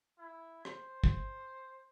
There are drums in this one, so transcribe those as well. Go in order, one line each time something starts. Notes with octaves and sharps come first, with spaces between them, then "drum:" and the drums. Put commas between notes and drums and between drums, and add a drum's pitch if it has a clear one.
E4
C5, drum: rim click
drum: kick